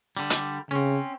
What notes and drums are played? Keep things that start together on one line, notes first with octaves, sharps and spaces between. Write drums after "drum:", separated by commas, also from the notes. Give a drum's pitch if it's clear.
D3 G3
drum: hi-hat
C#3 C4 C#4